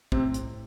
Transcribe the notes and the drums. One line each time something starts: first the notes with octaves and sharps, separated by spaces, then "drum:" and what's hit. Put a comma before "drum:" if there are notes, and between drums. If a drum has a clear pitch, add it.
A2 C3 C4, drum: kick
drum: hi-hat